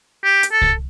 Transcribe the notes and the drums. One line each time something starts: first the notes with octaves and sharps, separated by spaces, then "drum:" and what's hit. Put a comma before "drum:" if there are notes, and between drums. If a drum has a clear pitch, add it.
G4
drum: hi-hat
A4
drum: kick C2